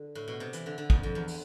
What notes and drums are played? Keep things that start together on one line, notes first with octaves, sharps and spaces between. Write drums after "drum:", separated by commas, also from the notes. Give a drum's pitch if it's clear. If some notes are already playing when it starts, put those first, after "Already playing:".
Already playing: D3
A2
B2
C3
E3, drum: hi-hat
D3
D3
F2, drum: kick
F2
E2
drum: open hi-hat